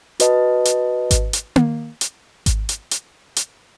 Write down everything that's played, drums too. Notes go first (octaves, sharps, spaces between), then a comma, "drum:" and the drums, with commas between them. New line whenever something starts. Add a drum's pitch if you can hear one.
F#4 B4 D#5 A5, drum: hi-hat
drum: hi-hat
drum: kick G#1, hi-hat
drum: hi-hat
drum: tom A#3
drum: hi-hat
drum: kick G#1, hi-hat
drum: hi-hat
drum: hi-hat
drum: hi-hat